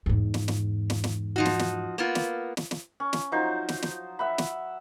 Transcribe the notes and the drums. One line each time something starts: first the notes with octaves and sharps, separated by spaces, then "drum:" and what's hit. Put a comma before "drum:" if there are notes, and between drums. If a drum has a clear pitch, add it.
E2 G#2
drum: snare
drum: snare
drum: snare
drum: snare
F3 D#4 F#4
drum: snare
drum: snare
A#3 B3 F4
drum: snare
drum: snare
drum: snare
C#4
drum: snare
F3 F#3 D#4 C5
drum: snare
drum: snare
E5 F#5 B5
drum: snare